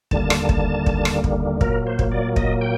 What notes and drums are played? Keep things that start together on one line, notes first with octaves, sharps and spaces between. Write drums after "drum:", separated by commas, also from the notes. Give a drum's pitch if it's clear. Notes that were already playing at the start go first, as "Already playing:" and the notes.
D#2 D3 G3 A#3 A5, drum: kick
drum: rim click
drum: kick
drum: kick
drum: rim click
drum: kick
A#2 F#3 A#3 A#4, drum: kick
C5
drum: kick
D5
D#5, drum: kick
G5